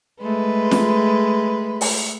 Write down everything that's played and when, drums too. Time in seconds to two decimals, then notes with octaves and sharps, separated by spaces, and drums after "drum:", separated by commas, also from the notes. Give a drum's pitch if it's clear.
0.21 G#3 A3 B4
0.71 drum: snare
1.81 drum: open hi-hat